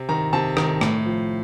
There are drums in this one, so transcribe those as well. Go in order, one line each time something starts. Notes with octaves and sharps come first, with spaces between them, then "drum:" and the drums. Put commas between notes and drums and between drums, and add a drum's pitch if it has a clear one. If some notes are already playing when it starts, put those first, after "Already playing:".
Already playing: C3
D#3 A#5
C3 A5
D#3, drum: rim click
A2, drum: rim click
F3